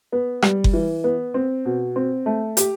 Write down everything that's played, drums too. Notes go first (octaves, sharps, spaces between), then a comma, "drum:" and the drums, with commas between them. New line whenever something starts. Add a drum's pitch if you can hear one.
B3
G3, drum: rim click
drum: kick F#1
E3
B3
C4
B2
C4
A3
G4, drum: hi-hat